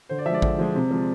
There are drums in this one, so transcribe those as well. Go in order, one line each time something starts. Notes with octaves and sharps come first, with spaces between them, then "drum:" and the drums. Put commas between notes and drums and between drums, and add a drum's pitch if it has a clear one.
D3 C5
D5
F3 E5
G#3 D5
D3, drum: kick
F3 G#3
C3
F3 G#3